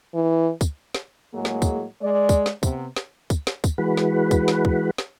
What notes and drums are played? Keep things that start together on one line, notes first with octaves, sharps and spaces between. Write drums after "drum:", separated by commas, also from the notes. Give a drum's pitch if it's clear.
E3
drum: kick, tambourine
drum: snare
A2 F#3 G#3 A#3 G#4
drum: snare
drum: kick, tambourine
G#3 D5
drum: kick, tambourine
drum: snare
C3 B3, drum: kick, tambourine
drum: snare
drum: kick, tambourine
drum: snare
drum: kick, tambourine
E3 G#3 F#4 B4
drum: snare
drum: kick, tambourine
drum: snare
drum: kick
drum: snare